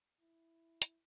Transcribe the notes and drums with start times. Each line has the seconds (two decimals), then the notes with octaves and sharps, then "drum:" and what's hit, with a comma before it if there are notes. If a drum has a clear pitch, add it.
0.21 E4
0.82 drum: hi-hat